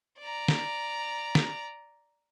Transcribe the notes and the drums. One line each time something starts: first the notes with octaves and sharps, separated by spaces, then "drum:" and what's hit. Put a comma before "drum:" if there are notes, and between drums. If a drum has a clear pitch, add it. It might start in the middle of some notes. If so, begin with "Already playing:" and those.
D5 A#5
drum: snare
drum: snare